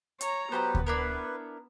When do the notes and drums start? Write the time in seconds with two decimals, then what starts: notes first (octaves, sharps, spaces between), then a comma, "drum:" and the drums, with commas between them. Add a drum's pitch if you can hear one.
0.21 C#5 A#5, drum: hi-hat
0.52 F#3 B3 G4 B4 C5 A5 A#5
0.75 drum: kick D2
0.86 D4 E4 A#4 B4